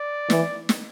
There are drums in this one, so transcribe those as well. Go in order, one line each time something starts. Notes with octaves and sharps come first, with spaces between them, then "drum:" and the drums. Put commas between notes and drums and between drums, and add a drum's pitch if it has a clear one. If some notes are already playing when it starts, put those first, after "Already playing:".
Already playing: D5
E3, drum: snare
drum: snare